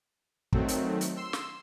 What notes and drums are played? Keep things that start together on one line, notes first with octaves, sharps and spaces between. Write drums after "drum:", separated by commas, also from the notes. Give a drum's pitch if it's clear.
D#3 F#3 A3 C4, drum: kick
drum: hi-hat
drum: hi-hat
C6 E6
drum: snare